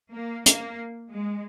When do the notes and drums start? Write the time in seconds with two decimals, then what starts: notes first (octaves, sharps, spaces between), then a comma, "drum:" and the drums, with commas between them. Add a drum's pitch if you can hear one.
0.13 A#3
0.46 A#3, drum: hi-hat
1.11 G#3